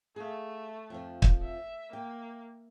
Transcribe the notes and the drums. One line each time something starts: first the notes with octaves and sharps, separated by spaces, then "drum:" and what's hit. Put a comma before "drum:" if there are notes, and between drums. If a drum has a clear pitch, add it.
A3 G#4 F5
F2 F3
drum: kick
E5
A#3 G5